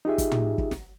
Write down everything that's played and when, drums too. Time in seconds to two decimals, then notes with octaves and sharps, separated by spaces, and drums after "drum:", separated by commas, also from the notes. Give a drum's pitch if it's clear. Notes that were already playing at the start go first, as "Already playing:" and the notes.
0.05 D#4 F4 G4 G#4 E5
0.18 drum: kick, hi-hat
0.31 drum: tom
0.58 drum: kick
0.71 drum: snare